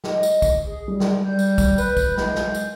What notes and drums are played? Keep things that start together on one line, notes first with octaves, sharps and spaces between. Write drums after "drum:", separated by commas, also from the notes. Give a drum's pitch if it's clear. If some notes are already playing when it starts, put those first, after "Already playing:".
D#5, drum: snare
drum: tambourine
drum: kick, tambourine
G#4
G3
drum: snare
G3 G6
drum: tambourine
drum: kick, tambourine
B4, drum: tambourine
drum: kick, tambourine
G#3, drum: snare
drum: snare
drum: tambourine